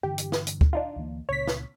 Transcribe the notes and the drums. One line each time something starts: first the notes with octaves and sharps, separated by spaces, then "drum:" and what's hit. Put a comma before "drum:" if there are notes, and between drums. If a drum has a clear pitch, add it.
G2 D3 E3 G4
drum: hi-hat
drum: snare
drum: hi-hat
drum: kick
D4 D#4 F4
D2 E3 A#3
C#2 A#2 C#3 C#5 B6
drum: snare